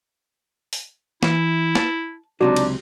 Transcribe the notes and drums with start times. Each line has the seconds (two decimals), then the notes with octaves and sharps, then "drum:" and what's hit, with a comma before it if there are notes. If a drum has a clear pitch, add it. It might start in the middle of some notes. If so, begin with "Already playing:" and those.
0.73 drum: open hi-hat
1.23 E3 E4, drum: snare
1.75 A5, drum: snare
2.41 C#2 C3 F#3 D4 D#4 F#4
2.56 drum: cymbal